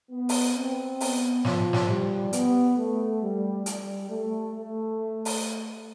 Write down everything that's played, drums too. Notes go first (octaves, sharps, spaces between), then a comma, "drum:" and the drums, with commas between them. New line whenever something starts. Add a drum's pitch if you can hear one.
B3
drum: open hi-hat
C4
B3, drum: open hi-hat
F3, drum: snare
drum: snare
G3
B3, drum: hi-hat
A3
G3
G3, drum: hi-hat
A3
A3
drum: open hi-hat